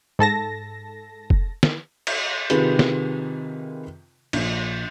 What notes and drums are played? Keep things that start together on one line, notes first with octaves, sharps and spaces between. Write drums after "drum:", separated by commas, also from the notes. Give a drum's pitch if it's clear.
G#2 A4 A5 A#6
drum: kick F1
drum: snare
drum: cymbal
C3 D#3 F4 G4 G#4 B4, drum: hi-hat
drum: snare
A#1, drum: cymbal